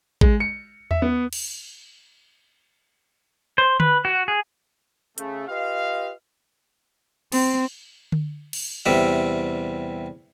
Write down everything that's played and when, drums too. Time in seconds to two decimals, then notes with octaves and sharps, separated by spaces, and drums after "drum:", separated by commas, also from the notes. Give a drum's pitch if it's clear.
0.21 G#3, drum: kick A1
0.40 C#7
0.91 E5, drum: tom E2
1.02 B3
1.33 drum: cymbal
3.58 C5
3.80 B4, drum: tom D3
4.05 F#4
4.28 G#4
5.18 C#3 A3, drum: hi-hat
5.48 F4 G4 B4 D#5 F5
7.32 C4, drum: cymbal
8.12 drum: tom D3
8.53 drum: cymbal
8.86 E2 C3 G3 E5